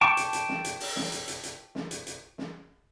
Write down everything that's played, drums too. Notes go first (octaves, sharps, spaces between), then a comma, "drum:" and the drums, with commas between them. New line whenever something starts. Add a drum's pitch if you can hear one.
G5 A5 C#6 D6
drum: hi-hat
drum: hi-hat
drum: snare
drum: hi-hat
drum: open hi-hat
drum: snare
drum: hi-hat
drum: hi-hat
drum: hi-hat
drum: snare
drum: hi-hat
drum: hi-hat
drum: snare